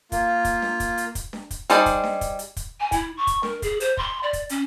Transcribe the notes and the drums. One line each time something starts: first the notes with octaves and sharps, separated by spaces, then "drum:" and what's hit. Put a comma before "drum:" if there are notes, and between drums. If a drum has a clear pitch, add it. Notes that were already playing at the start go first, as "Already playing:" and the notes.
A#3 F4, drum: kick, hi-hat
drum: kick, hi-hat
drum: snare D4
drum: kick, hi-hat
drum: hi-hat
drum: kick, hi-hat
drum: snare D4
drum: kick, hi-hat
G3 D#4 G#4 C5 D5, drum: hi-hat
drum: kick, hi-hat
drum: snare D4
drum: kick, hi-hat
drum: hi-hat
drum: kick, hi-hat
G#5
E4, drum: kick, hi-hat
C#6
drum: kick, hi-hat
A#4, drum: snare D4
G#4, drum: kick, hi-hat
C5, drum: hi-hat
C6, drum: kick
D5
drum: kick, hi-hat
C#4, drum: hi-hat